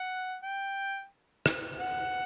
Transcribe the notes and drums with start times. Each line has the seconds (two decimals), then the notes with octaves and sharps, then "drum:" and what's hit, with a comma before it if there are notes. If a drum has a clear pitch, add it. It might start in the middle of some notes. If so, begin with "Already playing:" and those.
Already playing: F#5
0.43 G5
1.46 drum: rim click
1.80 F#5